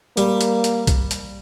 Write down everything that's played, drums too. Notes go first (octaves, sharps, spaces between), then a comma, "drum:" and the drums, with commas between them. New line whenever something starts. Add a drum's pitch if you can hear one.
G3 A#3, drum: hi-hat
drum: hi-hat
drum: hi-hat
drum: kick B1, hi-hat
drum: hi-hat